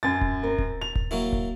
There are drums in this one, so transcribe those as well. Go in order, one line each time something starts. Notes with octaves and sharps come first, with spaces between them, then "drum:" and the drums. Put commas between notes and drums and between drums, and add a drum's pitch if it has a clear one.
F#2 A6
drum: kick D#1
C4 A#4
drum: kick D#1
F7
drum: kick D#1
F#3 A#3 E4
drum: kick D#1